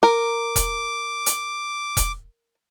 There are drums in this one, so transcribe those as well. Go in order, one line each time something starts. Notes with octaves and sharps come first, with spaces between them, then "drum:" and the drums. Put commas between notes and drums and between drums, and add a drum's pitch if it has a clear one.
A#4 D6
drum: kick E1, hi-hat
drum: hi-hat
drum: kick E1, hi-hat